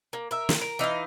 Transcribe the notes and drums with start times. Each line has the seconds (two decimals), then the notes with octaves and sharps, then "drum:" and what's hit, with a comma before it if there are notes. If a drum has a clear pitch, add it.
0.13 A#3
0.31 A#4 E5
0.49 drum: snare
0.61 A#4
0.79 E3 D#4 E5 F5